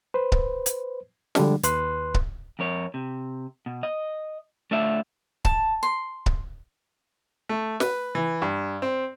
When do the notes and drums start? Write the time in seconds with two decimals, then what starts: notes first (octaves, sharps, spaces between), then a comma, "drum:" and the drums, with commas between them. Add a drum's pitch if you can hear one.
0.14 B4 C5
0.32 drum: kick C#1
0.66 drum: hi-hat
1.35 D3 F3 G3 G#3 D4, drum: snare
1.63 D#2 B4 C6 F#6, drum: hi-hat
2.14 drum: kick C#1
2.59 F2 A#4 C#5
2.94 C3
3.66 B2
3.83 D#5
4.71 A3 D4 F4 C#5 E5
5.45 A5, drum: kick C#1
5.83 C6
6.26 drum: kick C#1
7.49 A3
7.80 B4, drum: snare
8.15 E3
8.42 G2
8.82 C4